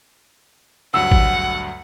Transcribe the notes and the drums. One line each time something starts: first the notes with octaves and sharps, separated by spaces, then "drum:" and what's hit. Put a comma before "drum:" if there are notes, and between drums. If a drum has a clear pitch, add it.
D2 G2 F#3 F#5 E6
drum: kick A1